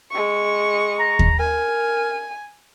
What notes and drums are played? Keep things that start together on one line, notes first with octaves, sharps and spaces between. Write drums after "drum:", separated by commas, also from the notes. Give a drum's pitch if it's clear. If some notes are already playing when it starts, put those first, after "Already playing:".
G#3 C#6
A#5
drum: kick D#2
A#4 G#5